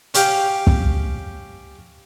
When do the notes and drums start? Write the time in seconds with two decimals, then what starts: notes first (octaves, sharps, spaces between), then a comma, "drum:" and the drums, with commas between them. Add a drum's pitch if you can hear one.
0.14 C#4 G4 F5 G5, drum: hi-hat
0.67 drum: kick